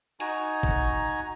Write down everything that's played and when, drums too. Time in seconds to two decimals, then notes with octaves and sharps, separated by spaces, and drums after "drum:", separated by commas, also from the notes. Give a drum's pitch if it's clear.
0.20 D#4 F#4 G#5 A#5, drum: hi-hat
0.63 drum: kick